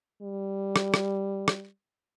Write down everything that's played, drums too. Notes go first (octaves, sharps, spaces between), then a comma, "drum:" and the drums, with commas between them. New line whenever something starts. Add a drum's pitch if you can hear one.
G3
drum: rim click
drum: rim click
drum: rim click